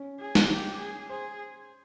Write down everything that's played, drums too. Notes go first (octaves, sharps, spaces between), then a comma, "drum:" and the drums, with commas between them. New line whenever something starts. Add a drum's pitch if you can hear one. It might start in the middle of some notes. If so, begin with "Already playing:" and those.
Already playing: C#4
G#4
drum: snare
G4
G#4
G#4 C5